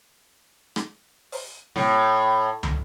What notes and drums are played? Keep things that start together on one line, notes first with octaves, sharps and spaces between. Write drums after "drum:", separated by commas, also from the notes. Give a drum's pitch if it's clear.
drum: rim click
drum: open hi-hat
A2, drum: snare
drum: tom